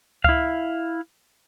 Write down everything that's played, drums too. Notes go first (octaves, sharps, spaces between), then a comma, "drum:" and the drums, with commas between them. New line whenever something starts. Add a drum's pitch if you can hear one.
E4 F5, drum: kick C#2